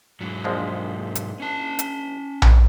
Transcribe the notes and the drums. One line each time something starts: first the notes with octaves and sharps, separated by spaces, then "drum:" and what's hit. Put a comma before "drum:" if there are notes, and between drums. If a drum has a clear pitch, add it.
G#2 F#3
A#1 F3 G#3
drum: hi-hat
C#4 A5
drum: hi-hat
drum: tom A#1